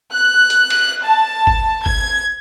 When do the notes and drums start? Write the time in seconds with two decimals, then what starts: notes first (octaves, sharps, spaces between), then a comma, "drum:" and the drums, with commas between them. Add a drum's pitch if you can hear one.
0.13 F#6
0.50 drum: hi-hat
0.70 drum: cymbal
1.06 A5
1.47 drum: kick G1
1.86 G#6, drum: kick G1